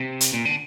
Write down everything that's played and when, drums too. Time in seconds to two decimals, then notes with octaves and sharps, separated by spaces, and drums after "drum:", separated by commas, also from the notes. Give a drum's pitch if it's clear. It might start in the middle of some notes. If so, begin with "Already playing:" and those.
Already playing: C3
0.21 drum: hi-hat
0.33 A#2
0.45 D3